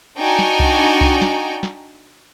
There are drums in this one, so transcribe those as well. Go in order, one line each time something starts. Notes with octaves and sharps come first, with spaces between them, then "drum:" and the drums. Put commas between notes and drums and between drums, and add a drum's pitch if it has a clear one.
D4 D#4 F#4 G5 G#5 A#5
drum: snare
drum: kick C2
drum: kick C2
drum: snare
drum: snare